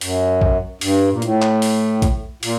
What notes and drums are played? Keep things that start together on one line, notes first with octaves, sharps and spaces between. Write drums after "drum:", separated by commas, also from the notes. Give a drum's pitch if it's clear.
F#2, drum: open hi-hat
drum: kick A#1
G2, drum: open hi-hat
A#2
A2, drum: hi-hat
drum: clap
drum: open hi-hat
drum: kick A#1, hi-hat
A#2, drum: open hi-hat